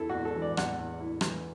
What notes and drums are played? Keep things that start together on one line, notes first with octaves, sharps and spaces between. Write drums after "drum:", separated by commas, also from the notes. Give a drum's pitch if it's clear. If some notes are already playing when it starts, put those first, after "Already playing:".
Already playing: E2 E4 A4
F#4
E2
A4
E3
D5
E2 F#5, drum: rim click
E2
E4
E3, drum: rim click